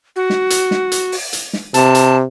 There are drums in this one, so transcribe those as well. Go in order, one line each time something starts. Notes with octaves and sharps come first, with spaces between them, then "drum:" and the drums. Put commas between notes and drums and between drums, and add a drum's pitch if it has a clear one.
F#4
drum: snare
drum: hi-hat
drum: snare
drum: hi-hat
drum: open hi-hat
drum: hi-hat
drum: snare
C3 A5, drum: hi-hat
drum: hi-hat